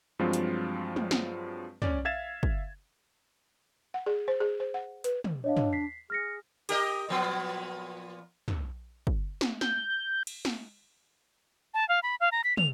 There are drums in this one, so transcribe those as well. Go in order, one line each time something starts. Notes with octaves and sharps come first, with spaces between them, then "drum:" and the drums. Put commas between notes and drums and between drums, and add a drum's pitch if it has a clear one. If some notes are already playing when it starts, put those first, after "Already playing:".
G2 F3 F#3 G#3 C4 F4
drum: hi-hat
drum: tom
drum: snare
C#4 D5, drum: tom
E5 F5 G#6 A6 E7
drum: kick
F#5
G#4
C5
G#4
C5
F#5
B4, drum: hi-hat
drum: tom
D4 C#5 D#5 F5
drum: tom
B6 C7
G#4 F6 A#6 C#7
G4 A#4 D#5, drum: cymbal
A#2 F3 B3
drum: tom
drum: kick
drum: snare
G6, drum: snare
drum: cymbal
drum: snare
A5
F5
B5
F5
A#5
B6
F7, drum: tom